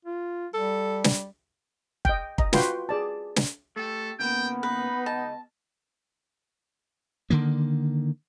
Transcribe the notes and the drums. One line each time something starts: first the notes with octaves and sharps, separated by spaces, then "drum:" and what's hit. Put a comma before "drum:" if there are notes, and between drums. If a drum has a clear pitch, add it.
F4
G3 A4
drum: snare
D#5 G5, drum: kick
D#5 A#5, drum: kick
F4 F#4 B4 G5 C6, drum: snare
G#4 D5 A5
drum: snare
A3 G4 A4
C#3 A#3 B3 G5
D#4 B4
C#2 B2 D#5 A5
D3 D#3 A#3